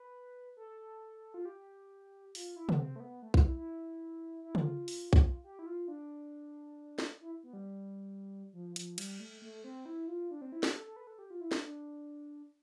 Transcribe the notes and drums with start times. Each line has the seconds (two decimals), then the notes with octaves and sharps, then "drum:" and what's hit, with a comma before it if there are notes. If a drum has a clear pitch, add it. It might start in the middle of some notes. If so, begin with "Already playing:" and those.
Already playing: B4
0.57 A4
1.34 F4
1.45 G4
2.35 F4, drum: open hi-hat
2.56 E4
2.69 B3, drum: tom
2.79 C4
2.96 A3
3.00 B3
3.22 A3
3.34 G3, drum: kick B1
3.45 E4
3.57 E4
4.44 E4
4.55 F4, drum: tom C#3
4.88 drum: open hi-hat
5.13 drum: kick B1
5.44 G4
5.59 E4
5.66 F4
5.88 D4
6.99 drum: snare
7.21 E4
7.43 B3
7.53 G3
8.53 F3
8.76 F3, drum: hi-hat
8.98 G3, drum: cymbal
9.20 A3
9.42 A3
9.64 C4
9.85 E4
10.08 F4
10.31 D4
10.42 C4
10.52 E4
10.63 G4, drum: snare
10.74 A4
10.86 A4
10.96 B4
11.07 A4
11.19 G4
11.30 F4
11.41 E4
11.52 D4, drum: snare
11.62 D4